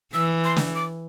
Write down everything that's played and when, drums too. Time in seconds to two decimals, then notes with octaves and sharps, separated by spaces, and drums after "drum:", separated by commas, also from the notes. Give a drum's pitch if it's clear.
0.13 E3 E6
0.44 C6
0.56 drum: snare
0.75 D6